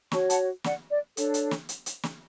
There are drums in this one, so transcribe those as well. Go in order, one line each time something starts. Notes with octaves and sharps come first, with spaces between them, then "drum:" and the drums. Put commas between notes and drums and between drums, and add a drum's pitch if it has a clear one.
F#4 C#5 A5 C#6, drum: snare
F#5 A5, drum: hi-hat
D5 F#5, drum: snare
D5
D4 A4 C#5, drum: hi-hat
drum: hi-hat
drum: snare
drum: hi-hat
drum: hi-hat
drum: snare